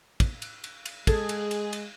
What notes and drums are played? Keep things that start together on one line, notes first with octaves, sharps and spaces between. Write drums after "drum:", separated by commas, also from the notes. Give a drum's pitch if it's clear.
drum: kick, cymbal
drum: cymbal
drum: cymbal
drum: cymbal
G#3 G#4 A4, drum: kick, cymbal
drum: cymbal
drum: cymbal
drum: cymbal